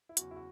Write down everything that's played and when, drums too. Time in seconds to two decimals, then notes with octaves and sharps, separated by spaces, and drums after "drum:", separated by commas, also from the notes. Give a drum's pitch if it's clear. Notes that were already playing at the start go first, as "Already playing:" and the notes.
0.09 E4
0.17 E2 C#3 F#3 F#4, drum: hi-hat
0.31 E4
0.36 F#4